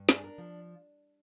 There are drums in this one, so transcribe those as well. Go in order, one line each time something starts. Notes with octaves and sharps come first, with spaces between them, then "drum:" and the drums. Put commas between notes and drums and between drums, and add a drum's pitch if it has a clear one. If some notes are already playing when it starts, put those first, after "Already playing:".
Already playing: G2
D4 G#4, drum: snare
D4 A#4
F3